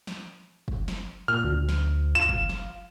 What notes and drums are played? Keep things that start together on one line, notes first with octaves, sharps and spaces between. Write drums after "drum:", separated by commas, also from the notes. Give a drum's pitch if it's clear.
drum: snare
drum: kick
drum: snare
A#2 F6
D2
drum: snare
F4 E7
drum: kick
drum: snare